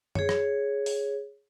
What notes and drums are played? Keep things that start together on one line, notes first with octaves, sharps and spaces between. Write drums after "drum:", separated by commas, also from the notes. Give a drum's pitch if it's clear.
G#4 C#5, drum: tom F#2
drum: rim click
drum: open hi-hat